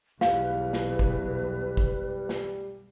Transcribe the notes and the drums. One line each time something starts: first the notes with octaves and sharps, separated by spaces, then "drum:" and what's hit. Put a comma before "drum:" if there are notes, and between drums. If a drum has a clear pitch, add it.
B1 E2 G3 B4 F5, drum: snare
drum: snare
drum: kick
drum: kick
drum: snare